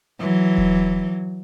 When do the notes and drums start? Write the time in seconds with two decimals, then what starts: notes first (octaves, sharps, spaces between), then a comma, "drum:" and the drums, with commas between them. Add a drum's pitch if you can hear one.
0.19 E3 F#3
0.58 drum: kick E1